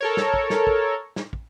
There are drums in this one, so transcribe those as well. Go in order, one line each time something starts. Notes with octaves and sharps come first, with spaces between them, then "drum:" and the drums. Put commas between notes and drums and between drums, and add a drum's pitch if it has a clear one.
A4 A#4 C#5
drum: snare
drum: kick
drum: snare
drum: kick
drum: snare
drum: kick